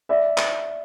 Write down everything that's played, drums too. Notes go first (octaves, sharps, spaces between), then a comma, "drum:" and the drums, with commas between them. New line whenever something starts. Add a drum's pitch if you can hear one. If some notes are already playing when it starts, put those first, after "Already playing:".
D5 E5
drum: clap